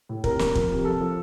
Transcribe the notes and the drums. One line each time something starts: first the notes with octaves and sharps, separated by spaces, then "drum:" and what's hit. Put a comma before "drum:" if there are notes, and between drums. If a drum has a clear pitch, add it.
A2
C3 A#4, drum: kick
F3, drum: snare
F3, drum: kick
C3
F3 A4
F3